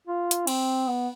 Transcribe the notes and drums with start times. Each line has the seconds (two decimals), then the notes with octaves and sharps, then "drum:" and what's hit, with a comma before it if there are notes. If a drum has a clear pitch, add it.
0.07 F4
0.31 drum: hi-hat
0.47 C4, drum: cymbal
0.87 B3